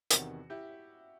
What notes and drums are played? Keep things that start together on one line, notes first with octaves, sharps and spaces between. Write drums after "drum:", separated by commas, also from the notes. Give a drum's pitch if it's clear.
E2 C3 D#3 F#4, drum: hi-hat
E4 G4